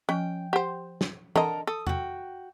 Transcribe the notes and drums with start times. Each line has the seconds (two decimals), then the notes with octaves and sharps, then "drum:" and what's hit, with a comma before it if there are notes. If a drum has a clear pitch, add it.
0.09 F3 C#4 G5
0.53 G4 C5 F#5
1.01 drum: snare
1.36 D3 A4 A#4 D#5 A#5, drum: tom E3
1.67 A4 D#6
1.87 F#4 G5, drum: tom E2